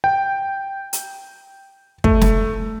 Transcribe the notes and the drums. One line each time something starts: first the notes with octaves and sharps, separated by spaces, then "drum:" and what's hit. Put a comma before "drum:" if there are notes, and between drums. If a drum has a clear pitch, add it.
G5
drum: hi-hat
A3, drum: kick
drum: snare